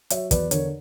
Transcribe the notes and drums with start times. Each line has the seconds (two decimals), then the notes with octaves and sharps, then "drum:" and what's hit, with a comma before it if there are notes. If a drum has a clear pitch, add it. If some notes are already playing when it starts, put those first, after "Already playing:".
0.10 F#3 C#5 E5, drum: hi-hat
0.31 E2 B4 D5, drum: kick, hi-hat
0.51 D3 A#4 C#5, drum: hi-hat